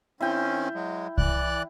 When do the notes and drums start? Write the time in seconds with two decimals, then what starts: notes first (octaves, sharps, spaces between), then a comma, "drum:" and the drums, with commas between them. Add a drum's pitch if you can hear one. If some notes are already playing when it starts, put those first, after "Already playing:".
0.21 D#3 C4 C#4 E4 G5
0.74 F#3 G#3
1.18 E3 D5 F#6, drum: kick C2